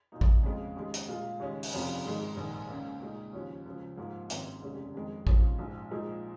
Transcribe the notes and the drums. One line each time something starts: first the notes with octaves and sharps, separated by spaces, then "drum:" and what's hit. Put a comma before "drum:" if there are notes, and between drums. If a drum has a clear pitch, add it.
A#2 A#3 D#4
drum: kick A1
F2 C#3 G#3 F4
D#2 C#3 G#3
drum: hi-hat
A#2 G#3 F4
D#2 C#3 G#3 C#4
drum: open hi-hat
F1 F2 F3 C#4 F4
G#2 D#3 G#3
A#1 G#2 D#3
C#2 C#3 A#3
A#2 G#3 D#4
D#2 C#3 F3 C#4
C#2 C#3 F3
G#2 F3 A#3
G#1 G#2 D#3 C#4, drum: hi-hat
F1 D#2 C#3 G#3 C#4
F2 D#3 G#3
G#2 F3 C#4 F4, drum: kick A1
A#1 G#2 F3
A#2 F3 G#3 D#4